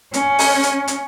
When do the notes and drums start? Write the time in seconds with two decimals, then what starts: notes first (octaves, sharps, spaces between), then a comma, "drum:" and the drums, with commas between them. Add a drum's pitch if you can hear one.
0.14 C#4, drum: hi-hat
0.39 drum: open hi-hat
0.63 drum: hi-hat
0.88 drum: hi-hat